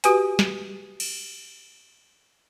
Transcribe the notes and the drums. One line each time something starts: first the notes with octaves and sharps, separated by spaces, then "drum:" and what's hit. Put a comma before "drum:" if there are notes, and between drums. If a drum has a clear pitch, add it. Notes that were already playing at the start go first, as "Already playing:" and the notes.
F#4 G4 B4 G#5, drum: hi-hat
drum: snare
drum: cymbal